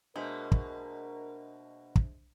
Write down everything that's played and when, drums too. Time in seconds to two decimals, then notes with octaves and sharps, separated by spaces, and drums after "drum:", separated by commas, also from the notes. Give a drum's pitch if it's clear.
0.16 B2 G#3 A#3 D4 A#4 C5 E5
0.52 drum: kick
1.96 drum: kick